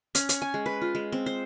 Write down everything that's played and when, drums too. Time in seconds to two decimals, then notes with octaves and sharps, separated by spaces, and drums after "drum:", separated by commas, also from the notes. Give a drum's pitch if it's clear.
0.15 C#4, drum: hi-hat
0.29 C#5, drum: hi-hat
0.42 G#5
0.54 G#3
0.66 B4
0.81 F4
0.95 G#3
1.12 C4
1.26 C5